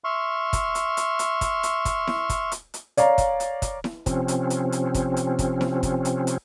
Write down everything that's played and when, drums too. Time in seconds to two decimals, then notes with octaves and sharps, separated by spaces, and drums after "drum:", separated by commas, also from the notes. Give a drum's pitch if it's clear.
0.04 E5 C6 C#6 F6
0.53 drum: kick, hi-hat
0.75 drum: hi-hat
0.97 drum: hi-hat
1.19 drum: hi-hat
1.41 drum: kick, hi-hat
1.63 drum: hi-hat
1.85 drum: kick, hi-hat
2.07 drum: snare E4
2.29 drum: kick, hi-hat
2.52 drum: hi-hat
2.74 drum: hi-hat
2.97 C#5 D5 F5 A#5, drum: hi-hat
3.18 drum: kick, hi-hat
3.40 drum: hi-hat
3.62 drum: kick, hi-hat
3.84 drum: snare E4
4.06 C3 F3 C4 C#4, drum: kick, hi-hat
4.28 drum: hi-hat
4.50 drum: hi-hat
4.72 drum: hi-hat
4.94 drum: kick, hi-hat
5.17 drum: hi-hat
5.39 drum: kick, hi-hat
5.61 drum: snare E4
5.83 drum: kick, hi-hat
6.05 drum: hi-hat
6.27 drum: hi-hat